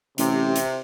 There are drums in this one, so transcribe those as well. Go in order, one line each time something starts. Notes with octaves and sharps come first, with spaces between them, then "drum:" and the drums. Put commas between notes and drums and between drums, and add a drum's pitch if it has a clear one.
A1 C3, drum: hi-hat
drum: hi-hat